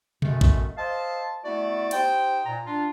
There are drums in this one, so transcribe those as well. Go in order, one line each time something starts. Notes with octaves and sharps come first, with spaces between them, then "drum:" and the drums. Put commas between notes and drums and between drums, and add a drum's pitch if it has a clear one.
F#2 B2 D3 D#3 G#3 A3, drum: tom B2
drum: kick A#1
A4 C5 D#5 F5 A5
A3 B3 E4 F#4 D5
D#4 G4 C5 G5, drum: cymbal
A#2 A#5
D4 F4